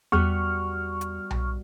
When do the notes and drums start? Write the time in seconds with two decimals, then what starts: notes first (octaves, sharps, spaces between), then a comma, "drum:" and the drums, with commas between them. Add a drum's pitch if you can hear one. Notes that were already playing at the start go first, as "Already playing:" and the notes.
0.12 E2 G3 B3 F#4 C#6 F6
1.01 drum: hi-hat
1.31 drum: tom B1